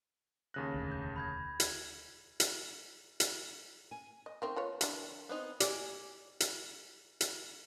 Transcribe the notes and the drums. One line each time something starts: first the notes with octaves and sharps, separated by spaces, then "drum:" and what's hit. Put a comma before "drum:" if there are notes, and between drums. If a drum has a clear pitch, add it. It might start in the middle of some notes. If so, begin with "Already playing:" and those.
D#2 C#3 F#6 A#6
E1 D2
G6
B5 G6 G#6
drum: hi-hat
drum: hi-hat
drum: hi-hat
G#5
D#5
A3 C4 D#4 A#4
F4 B4 C#5
E3 D4 E4, drum: hi-hat
B3 C4 D#4
G4 D5 G#5, drum: hi-hat
drum: hi-hat
drum: hi-hat